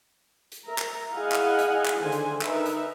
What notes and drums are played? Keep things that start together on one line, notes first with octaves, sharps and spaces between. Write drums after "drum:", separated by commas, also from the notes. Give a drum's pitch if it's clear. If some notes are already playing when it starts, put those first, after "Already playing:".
drum: hi-hat
A#4 E5 A#5
drum: clap
E4 G#4 D#5 F5 F#5 G#5
drum: clap
drum: hi-hat
drum: clap
D3 D#3 C5 G#5
drum: hi-hat
D#4 A#4 B4 E5, drum: clap
drum: hi-hat